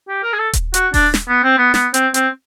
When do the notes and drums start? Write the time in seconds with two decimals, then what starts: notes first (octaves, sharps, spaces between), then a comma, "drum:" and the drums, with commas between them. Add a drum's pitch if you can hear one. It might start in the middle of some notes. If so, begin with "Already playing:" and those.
0.08 G4
0.23 A#4
0.33 G#4
0.39 A4
0.53 drum: kick D#1, hi-hat
0.74 F#4, drum: hi-hat
0.94 D4, drum: kick D#1, open hi-hat
1.14 drum: snare
1.29 B3
1.44 C4
1.59 B3
1.74 B3, drum: snare
1.94 C4, drum: hi-hat
2.14 C4, drum: hi-hat